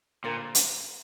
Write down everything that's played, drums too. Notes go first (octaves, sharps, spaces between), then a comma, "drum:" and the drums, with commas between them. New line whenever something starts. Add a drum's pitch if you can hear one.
A#2 D3 G3 C4 F4 A#4
drum: hi-hat